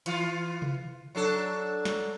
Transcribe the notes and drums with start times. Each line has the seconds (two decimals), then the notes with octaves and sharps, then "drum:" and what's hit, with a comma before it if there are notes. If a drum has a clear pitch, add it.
0.06 E3 F4, drum: hi-hat
0.62 drum: tom C3
1.15 F#3 D4 A4
1.85 drum: snare